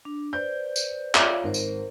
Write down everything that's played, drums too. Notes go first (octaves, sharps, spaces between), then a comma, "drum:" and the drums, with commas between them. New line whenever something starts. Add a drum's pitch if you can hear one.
D4
B4 C5 D5 G6
drum: tambourine
F4 C#5 D5 E5 F5 D6, drum: clap
G#1 A#4 C5
drum: tambourine